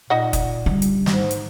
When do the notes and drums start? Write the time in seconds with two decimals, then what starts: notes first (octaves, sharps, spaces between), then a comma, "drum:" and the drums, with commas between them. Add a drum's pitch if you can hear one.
0.10 A#2 D#4 D#5 F#5
0.33 drum: kick F#1, hi-hat
0.66 D3 G3
0.82 drum: hi-hat
1.06 G#2, drum: snare
1.31 drum: hi-hat